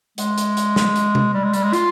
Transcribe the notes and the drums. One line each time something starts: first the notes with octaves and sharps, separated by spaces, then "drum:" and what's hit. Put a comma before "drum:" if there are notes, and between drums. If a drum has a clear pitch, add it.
G#3, drum: hi-hat
drum: hi-hat
drum: hi-hat
drum: snare
drum: hi-hat
drum: tom
G3
G#3
G3, drum: hi-hat
G#3
F4, drum: hi-hat